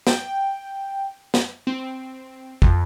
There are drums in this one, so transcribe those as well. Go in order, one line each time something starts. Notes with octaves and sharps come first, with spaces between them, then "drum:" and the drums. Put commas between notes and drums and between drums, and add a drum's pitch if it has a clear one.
G5, drum: snare
drum: snare
C4
F2, drum: kick